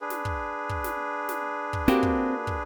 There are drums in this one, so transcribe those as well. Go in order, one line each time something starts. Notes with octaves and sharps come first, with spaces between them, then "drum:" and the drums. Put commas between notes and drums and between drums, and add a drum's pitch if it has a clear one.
D4 G#4 B4
drum: snare
drum: kick
drum: kick
drum: snare
drum: snare
drum: kick
A#3 C4 F#4 G4, drum: snare
drum: kick
drum: kick